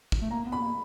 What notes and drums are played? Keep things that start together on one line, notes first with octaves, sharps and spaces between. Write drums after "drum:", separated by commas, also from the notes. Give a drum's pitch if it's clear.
drum: kick
A3
A#3 A#5
B3
B5
A#3